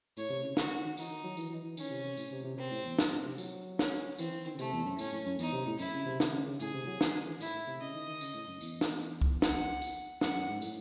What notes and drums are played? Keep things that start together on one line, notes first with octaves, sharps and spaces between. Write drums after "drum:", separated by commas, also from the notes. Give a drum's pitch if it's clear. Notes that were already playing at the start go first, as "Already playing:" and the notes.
A2 C#5, drum: tambourine
C3
C#3
D#3 F#4, drum: snare
D#3
D#3
E3 D#4, drum: tambourine
D#3
F#3
E3, drum: tambourine
E3
E3
D#3 C#4, drum: tambourine
C3
C3
A2, drum: tambourine
C3
C3
C3 C4
A2
E2
F#2, drum: snare
A2
C3
F#3, drum: tambourine
C#4, drum: snare
E3 C4, drum: tambourine
E3
D#3
C#3
C3 A3, drum: tambourine
E2
F#2
A2 C#4, drum: tambourine
A2
F#2
E2 D#4, drum: tambourine
C3
A2
F#2 E4, drum: tambourine
C#3
C3
D#3, drum: snare
C#3
C#3
A2 G#4, drum: tambourine
C3
F#3
E3, drum: snare
D#3
E3
A2 E4, drum: tambourine
A2
C3
C#3 D#5
D#3
D#3
C#3, drum: tambourine
A2
F#2
E2, drum: tambourine
drum: snare
drum: tambourine
drum: kick
F#5, drum: snare
drum: tambourine
F#2 F#5, drum: snare
F#2
G#2
A2, drum: tambourine